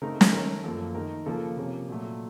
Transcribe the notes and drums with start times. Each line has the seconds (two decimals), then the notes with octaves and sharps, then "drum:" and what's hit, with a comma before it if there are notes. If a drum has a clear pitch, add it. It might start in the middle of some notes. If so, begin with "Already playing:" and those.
0.02 C#3 A3 C4 D#4 A#4
0.21 drum: snare
0.33 D#3 A3 C#4 A#4
0.64 F#2 F3 A#3 A4
0.95 D#3 A3 D#4 A#4
1.26 C#3 F3 A#3 A4
1.57 C3 F3 A#3 C#4
1.88 A#2 F#3 A3